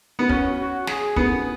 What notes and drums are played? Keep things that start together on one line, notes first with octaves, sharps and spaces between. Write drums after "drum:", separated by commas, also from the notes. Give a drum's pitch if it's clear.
B3
C#4 F#4, drum: kick
F#4
G#4, drum: snare
B3, drum: kick